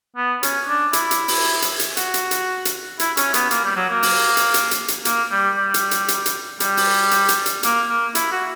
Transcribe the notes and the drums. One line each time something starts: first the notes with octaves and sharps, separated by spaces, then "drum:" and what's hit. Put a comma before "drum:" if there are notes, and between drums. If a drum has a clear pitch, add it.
B3
C#4, drum: hi-hat
D4
E4, drum: hi-hat
drum: hi-hat
drum: open hi-hat
drum: hi-hat
drum: hi-hat
F#4, drum: hi-hat
drum: hi-hat
drum: hi-hat
drum: hi-hat
E4, drum: hi-hat
C#4, drum: hi-hat
B3, drum: hi-hat
A#3, drum: hi-hat
G3
F#3
A#3
drum: open hi-hat
drum: hi-hat
drum: hi-hat
drum: hi-hat
drum: hi-hat
A#3, drum: hi-hat
G3
G3
drum: hi-hat
drum: hi-hat
drum: hi-hat
drum: hi-hat
G3, drum: hi-hat
drum: open hi-hat
drum: hi-hat
drum: hi-hat
drum: hi-hat
A#3, drum: hi-hat
A#3
E4, drum: hi-hat
F#4